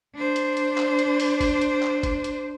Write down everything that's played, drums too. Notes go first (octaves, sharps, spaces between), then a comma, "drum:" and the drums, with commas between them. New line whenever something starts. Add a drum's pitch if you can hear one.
D4 C5
drum: hi-hat
drum: hi-hat
drum: clap
drum: hi-hat
drum: open hi-hat
drum: kick G1, open hi-hat
drum: hi-hat
drum: clap
drum: kick G1, hi-hat
drum: hi-hat